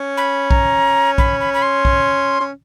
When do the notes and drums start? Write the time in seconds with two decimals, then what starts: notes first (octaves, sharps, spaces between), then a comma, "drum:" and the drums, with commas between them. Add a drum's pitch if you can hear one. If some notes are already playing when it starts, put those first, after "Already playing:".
Already playing: C#4
0.17 B5
0.51 A#5, drum: kick A#1
1.18 B5, drum: kick A#1
1.40 B5
1.54 B5
1.62 C6
1.85 drum: kick A#1
2.40 C#4